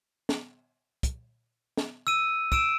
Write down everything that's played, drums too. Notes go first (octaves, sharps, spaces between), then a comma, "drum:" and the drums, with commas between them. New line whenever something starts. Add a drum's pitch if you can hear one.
drum: snare
drum: kick, hi-hat
drum: snare
E6 D#7
E6 D7 E7, drum: kick